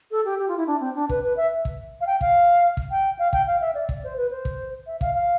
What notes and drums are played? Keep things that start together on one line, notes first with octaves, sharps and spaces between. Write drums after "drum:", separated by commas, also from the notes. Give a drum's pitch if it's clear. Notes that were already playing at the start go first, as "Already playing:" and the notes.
A4
G4
G4
F4
E4
D4
C4
D4
B4, drum: kick
B4
E5
drum: kick
F5
G5
F5, drum: kick
drum: kick
G5
F5
G5, drum: kick
F5
E5
D5
D5, drum: kick
C5
B4
C5
drum: kick
E5
F5, drum: kick
F5